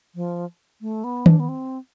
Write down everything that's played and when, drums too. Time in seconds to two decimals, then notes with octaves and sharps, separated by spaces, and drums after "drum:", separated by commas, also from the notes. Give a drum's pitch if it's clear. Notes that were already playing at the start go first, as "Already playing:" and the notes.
0.15 F3
0.81 A3
1.04 B3
1.26 D4, drum: tom D#3
1.40 B3
1.48 C4